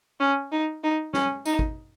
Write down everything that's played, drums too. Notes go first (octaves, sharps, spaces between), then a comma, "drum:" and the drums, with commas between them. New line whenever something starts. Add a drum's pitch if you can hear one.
C#4
D#4
D#4
C#4, drum: snare
D#4, drum: tambourine
drum: kick